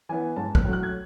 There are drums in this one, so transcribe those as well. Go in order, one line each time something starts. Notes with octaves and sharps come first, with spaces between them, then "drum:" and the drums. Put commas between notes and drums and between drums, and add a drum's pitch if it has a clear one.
E3 B3 G#5
G#2 A5
F#6, drum: kick
F#3 A3
F#6
G#6